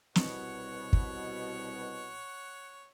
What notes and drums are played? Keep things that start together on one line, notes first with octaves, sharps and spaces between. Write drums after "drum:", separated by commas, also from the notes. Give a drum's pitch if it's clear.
C2 B2 C#5 F#5, drum: snare
drum: kick